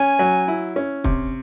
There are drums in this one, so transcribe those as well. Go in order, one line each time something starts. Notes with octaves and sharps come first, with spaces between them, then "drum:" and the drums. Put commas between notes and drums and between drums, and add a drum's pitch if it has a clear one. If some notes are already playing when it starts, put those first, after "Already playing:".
Already playing: C#4 G#5
F#3
E4
C#4
C3, drum: kick